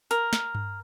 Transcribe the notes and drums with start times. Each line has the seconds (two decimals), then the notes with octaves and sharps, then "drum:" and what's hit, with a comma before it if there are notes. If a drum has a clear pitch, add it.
0.11 A#4, drum: hi-hat
0.33 drum: snare
0.55 drum: tom G2